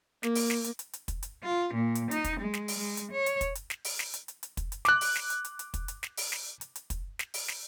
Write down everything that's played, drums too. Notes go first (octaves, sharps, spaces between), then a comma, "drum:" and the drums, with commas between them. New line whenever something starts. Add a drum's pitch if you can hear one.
A#3, drum: snare
drum: open hi-hat
drum: snare
drum: hi-hat
drum: hi-hat
drum: hi-hat
drum: kick, hi-hat
drum: hi-hat
F4
A#2
drum: hi-hat
D#4, drum: hi-hat
drum: kick, hi-hat
G#3
drum: snare
drum: open hi-hat
G#3
drum: hi-hat
C#5
drum: hi-hat
drum: kick, hi-hat
drum: hi-hat
drum: snare
drum: open hi-hat
drum: snare
drum: hi-hat
drum: hi-hat
drum: hi-hat
drum: kick, hi-hat
drum: hi-hat
D6 F#6, drum: snare
drum: open hi-hat
drum: snare
drum: hi-hat
drum: hi-hat
drum: hi-hat
drum: kick, hi-hat
drum: hi-hat
drum: snare
drum: open hi-hat
drum: snare
drum: hi-hat
drum: hi-hat
drum: kick, hi-hat
drum: snare
drum: open hi-hat
drum: snare